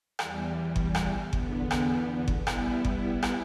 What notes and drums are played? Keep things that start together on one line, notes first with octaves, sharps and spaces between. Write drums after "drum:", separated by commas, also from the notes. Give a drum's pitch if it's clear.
E2 E3 G3, drum: rim click
drum: kick G1
drum: rim click
E2 D3 B3, drum: kick G1
drum: rim click
drum: kick G1
G3 B3 E4, drum: rim click
drum: kick G1
drum: rim click